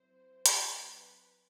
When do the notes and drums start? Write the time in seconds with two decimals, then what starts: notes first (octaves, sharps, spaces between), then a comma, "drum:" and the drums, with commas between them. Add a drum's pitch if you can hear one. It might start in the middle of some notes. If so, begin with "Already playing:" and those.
Already playing: F#3 C4 E4 C5
0.46 drum: hi-hat
0.60 B4